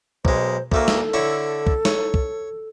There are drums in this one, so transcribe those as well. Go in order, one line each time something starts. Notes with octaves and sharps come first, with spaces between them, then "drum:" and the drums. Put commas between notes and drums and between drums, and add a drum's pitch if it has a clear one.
B1 G#3 C5, drum: kick
D2 A3 A#3 A4, drum: kick
drum: snare
D3 E4 C#5
drum: kick
C#5, drum: snare
drum: kick